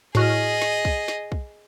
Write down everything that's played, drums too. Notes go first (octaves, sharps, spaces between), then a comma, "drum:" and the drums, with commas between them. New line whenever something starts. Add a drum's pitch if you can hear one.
A2 F#4 G#4 D#5 F6, drum: snare
drum: snare
drum: kick
drum: snare
drum: kick